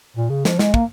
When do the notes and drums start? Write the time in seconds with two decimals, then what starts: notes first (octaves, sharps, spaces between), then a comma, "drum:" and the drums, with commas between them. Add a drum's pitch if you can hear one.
0.17 A#2
0.30 C#3
0.45 F3, drum: snare
0.59 G#3, drum: snare
0.74 A#3, drum: kick